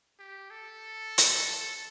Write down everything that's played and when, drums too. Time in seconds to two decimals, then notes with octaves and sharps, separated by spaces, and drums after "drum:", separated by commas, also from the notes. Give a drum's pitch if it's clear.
0.19 G4
0.50 A4
1.18 drum: hi-hat
1.45 A4